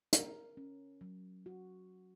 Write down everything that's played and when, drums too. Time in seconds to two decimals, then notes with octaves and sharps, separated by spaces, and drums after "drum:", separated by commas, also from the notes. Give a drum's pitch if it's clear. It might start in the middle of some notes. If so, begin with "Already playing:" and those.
0.13 A#4, drum: hi-hat
0.57 C#4
1.01 F#3
1.46 F#4